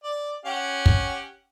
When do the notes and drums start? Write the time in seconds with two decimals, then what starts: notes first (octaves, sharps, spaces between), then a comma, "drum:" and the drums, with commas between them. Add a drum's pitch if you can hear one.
0.04 D5
0.45 C#4 G4 F#5
0.86 drum: kick